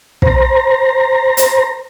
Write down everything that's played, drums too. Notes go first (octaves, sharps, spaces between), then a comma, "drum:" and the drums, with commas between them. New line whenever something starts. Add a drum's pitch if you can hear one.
C5 A#5, drum: kick
drum: hi-hat